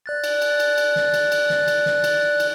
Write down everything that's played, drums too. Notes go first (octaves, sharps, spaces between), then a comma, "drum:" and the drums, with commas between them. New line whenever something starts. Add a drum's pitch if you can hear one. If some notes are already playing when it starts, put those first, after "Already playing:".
D5 F#6 A6
drum: cymbal
drum: cymbal
drum: cymbal
drum: cymbal
drum: snare
drum: cymbal
drum: cymbal
drum: snare
drum: cymbal
drum: snare
drum: cymbal
drum: cymbal